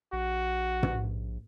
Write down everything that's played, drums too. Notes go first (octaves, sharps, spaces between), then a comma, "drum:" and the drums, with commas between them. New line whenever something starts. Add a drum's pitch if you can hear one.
A#1 F#4
drum: tom